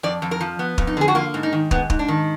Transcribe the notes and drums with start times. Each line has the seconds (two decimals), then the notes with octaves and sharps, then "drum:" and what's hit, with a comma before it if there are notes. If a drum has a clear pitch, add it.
0.03 F2 D5
0.22 F2
0.31 A#4
0.41 F3
0.59 B3
0.78 F2, drum: kick
0.87 D#4
0.97 D3 G#4
1.08 F#4
1.15 A#3 F4
1.34 G#2
1.43 D#4
1.53 D#3
1.71 G#2 B3, drum: kick
1.90 G#2, drum: kick
1.99 D4
2.08 D#3